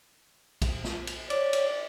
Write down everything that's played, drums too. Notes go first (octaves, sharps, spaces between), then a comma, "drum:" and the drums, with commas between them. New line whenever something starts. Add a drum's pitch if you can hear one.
drum: kick A#1, cymbal
drum: snare
drum: cymbal
C#5 D5, drum: cymbal
drum: cymbal